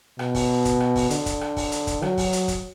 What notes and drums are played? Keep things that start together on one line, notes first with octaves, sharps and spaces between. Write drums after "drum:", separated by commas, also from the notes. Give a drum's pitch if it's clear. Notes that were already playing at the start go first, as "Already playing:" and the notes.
B2, drum: rim click
drum: kick, open hi-hat
drum: kick, hi-hat
drum: rim click
drum: kick, open hi-hat
D3, drum: hi-hat
drum: kick, hi-hat
drum: rim click
drum: kick, open hi-hat
drum: hi-hat
drum: kick, hi-hat
F#3, drum: rim click
drum: kick, open hi-hat
drum: hi-hat
drum: kick, hi-hat